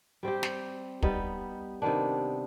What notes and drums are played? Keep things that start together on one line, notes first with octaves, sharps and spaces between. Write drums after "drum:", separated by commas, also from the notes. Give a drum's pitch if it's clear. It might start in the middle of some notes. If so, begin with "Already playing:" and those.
G3 C4 G4
drum: snare
G3 B3 D#4, drum: kick
C3 D#3 B3 D4